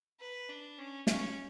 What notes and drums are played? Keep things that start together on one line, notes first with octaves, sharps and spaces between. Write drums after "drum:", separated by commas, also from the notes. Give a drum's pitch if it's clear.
B4
D4
C#4
C#4, drum: snare